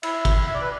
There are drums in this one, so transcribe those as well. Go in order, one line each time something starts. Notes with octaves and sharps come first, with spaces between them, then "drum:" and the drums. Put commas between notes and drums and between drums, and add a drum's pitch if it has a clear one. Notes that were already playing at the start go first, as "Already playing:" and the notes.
E4 E5, drum: cymbal
drum: kick, cymbal
E5
D5
B4